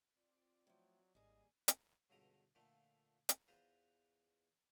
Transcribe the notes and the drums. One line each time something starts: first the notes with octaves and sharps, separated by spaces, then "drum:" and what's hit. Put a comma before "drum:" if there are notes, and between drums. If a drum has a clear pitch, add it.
C4 F4 D5
A2 F3 F#3
G#1 D#3 G3 A#3 G#4 D#5 G#5
drum: hi-hat
C#2 G2 B2 D3 A#5 D#6
A#2 D3 F3 A3
drum: hi-hat
E2 F4 B4 C5 A#5 D#6